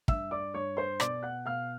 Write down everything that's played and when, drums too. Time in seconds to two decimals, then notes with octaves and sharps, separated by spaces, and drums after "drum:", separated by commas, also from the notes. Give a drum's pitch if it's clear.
0.08 G2 E5 E6, drum: kick
0.31 D5 D6
0.54 G2 C#5 C#6
0.77 C5 C6
1.00 B2 D5 D6, drum: rim click
1.23 F#5 F#6
1.46 B2 F5 F6